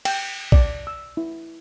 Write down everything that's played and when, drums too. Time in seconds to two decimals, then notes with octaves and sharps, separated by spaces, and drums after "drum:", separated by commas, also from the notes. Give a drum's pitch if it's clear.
0.05 G5, drum: cymbal
0.52 D5, drum: kick A#1
0.87 E6
1.17 E4